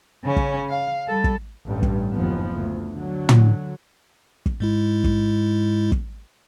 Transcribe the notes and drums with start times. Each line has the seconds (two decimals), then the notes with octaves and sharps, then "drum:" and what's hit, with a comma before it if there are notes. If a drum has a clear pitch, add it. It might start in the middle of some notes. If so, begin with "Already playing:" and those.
0.24 C#3 C#4
0.36 drum: kick
0.69 F5
1.08 G3 A4
1.24 drum: kick
1.66 A1 G2 G3
1.83 drum: kick
2.12 F#1 D#2 F3 B3
2.55 D2
2.93 D3 F#3
3.29 drum: tom
4.46 drum: kick
4.60 G#2 G#3 E4
5.04 drum: kick
5.92 drum: kick